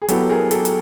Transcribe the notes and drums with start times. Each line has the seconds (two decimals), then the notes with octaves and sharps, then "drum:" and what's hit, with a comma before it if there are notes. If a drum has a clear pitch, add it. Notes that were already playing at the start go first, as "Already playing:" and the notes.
0.02 G#4
0.08 F#3 B3 E4 G4 A4, drum: hi-hat
0.29 G#4 A#4
0.51 G4 A4, drum: hi-hat
0.65 drum: hi-hat